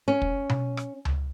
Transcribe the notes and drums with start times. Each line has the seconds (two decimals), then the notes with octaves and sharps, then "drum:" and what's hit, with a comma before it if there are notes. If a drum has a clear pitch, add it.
0.08 C#4
0.22 drum: kick
0.49 drum: tom B2
0.77 drum: rim click
1.05 drum: tom C#2